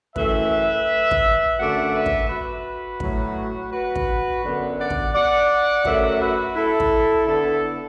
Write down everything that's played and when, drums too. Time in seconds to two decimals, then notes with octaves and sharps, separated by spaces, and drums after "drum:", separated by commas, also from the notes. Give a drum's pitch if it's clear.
0.16 F#2 E3 A3 B4 E5, drum: kick
1.11 drum: kick
1.59 F#2 D3 A3 D5 F#5
1.94 B4 E5
2.06 drum: kick
2.29 F#4 B4
3.00 A2 F#3 A3, drum: kick
3.71 F#4 B4
3.96 drum: kick
4.43 F#2 D3 B3
4.78 D5 F#5
4.90 drum: kick
5.14 D5 F#5
5.85 F#2 F#3 A3 B4 E5, drum: kick
6.20 F#4 B4
6.56 E4 A4
6.80 drum: kick
7.27 D3 B3 E4 A4